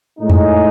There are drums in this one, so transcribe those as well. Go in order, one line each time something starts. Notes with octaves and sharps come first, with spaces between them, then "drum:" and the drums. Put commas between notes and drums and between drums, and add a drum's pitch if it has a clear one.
A2 G#3 D#4
drum: tom F2